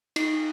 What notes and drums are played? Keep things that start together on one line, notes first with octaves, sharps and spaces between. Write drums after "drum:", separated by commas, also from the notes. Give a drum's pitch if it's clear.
D#4, drum: cymbal